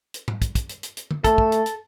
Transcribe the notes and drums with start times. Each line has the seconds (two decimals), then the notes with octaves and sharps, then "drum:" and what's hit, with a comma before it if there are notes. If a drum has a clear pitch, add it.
0.14 drum: hi-hat
0.28 drum: tom G#2
0.42 drum: kick, hi-hat
0.55 drum: kick, hi-hat
0.69 drum: hi-hat
0.83 drum: hi-hat
0.97 drum: hi-hat
1.11 drum: tom D3
1.24 A3 A4, drum: kick, hi-hat
1.38 drum: kick
1.52 drum: hi-hat
1.66 drum: hi-hat